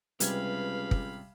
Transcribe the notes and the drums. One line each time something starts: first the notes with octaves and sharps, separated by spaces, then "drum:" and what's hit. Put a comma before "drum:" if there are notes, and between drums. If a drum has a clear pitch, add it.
C#2 C3 G3 B4 F5 B5 G#6, drum: hi-hat
drum: kick